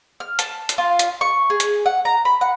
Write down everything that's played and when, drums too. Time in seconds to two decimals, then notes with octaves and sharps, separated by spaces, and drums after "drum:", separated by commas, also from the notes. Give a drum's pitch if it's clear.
0.20 F6
0.39 A5, drum: hi-hat
0.69 drum: hi-hat
0.78 F4
0.99 drum: hi-hat
1.21 C#6
1.50 G#4
1.60 drum: hi-hat
1.86 F#5
2.05 A#5
2.25 B5
2.41 F#5